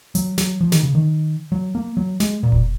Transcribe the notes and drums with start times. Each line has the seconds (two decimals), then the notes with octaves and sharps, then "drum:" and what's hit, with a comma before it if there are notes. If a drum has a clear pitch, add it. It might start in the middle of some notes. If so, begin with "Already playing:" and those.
0.15 F#3, drum: hi-hat
0.38 F#3, drum: snare
0.61 F3
0.72 D#3, drum: snare
0.83 C#3
0.95 D#3
1.52 F#3
1.75 A#3
1.97 F#3
2.20 G#3, drum: snare
2.43 A#2
2.52 drum: kick F1